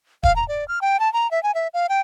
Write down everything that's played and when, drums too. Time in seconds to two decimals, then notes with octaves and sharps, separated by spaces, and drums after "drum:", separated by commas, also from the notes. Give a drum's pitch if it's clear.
0.23 F5, drum: kick D#1
0.36 A#5
0.48 D5
0.68 F6
0.82 G5
1.00 A5
1.13 A#5
1.31 E5
1.43 G#5
1.55 E5
1.74 F5
1.89 G5